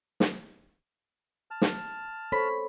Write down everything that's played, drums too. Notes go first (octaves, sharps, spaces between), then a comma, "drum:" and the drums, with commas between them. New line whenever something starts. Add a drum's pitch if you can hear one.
drum: snare
A5 F6
drum: snare
A4 C5 C#5 B5